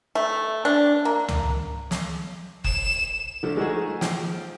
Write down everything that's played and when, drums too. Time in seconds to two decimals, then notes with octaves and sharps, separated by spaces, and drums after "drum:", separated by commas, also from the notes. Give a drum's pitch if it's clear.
0.15 A3
0.65 D4
1.05 A#3
1.28 drum: tom
1.91 drum: snare
2.64 E7, drum: kick F#1
3.43 D3 F3 A3
3.57 G#3 A3 D#4 F#4 G#4
4.01 F3 G5, drum: snare